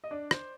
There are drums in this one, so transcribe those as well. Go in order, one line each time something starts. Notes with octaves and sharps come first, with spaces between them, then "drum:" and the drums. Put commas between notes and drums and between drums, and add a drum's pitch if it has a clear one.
D#5
D4 D5
C5, drum: rim click